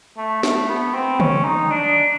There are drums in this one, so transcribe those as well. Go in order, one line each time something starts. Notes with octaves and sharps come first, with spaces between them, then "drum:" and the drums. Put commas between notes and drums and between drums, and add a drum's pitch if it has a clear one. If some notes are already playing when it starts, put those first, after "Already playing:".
A3
A3, drum: snare
B3
C4
C#4, drum: tom
D#4
D4